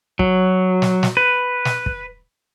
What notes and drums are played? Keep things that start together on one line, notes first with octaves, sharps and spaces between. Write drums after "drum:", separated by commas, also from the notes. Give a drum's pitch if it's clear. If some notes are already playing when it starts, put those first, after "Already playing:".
F#3, drum: kick
drum: snare
drum: snare
B4
drum: snare
drum: kick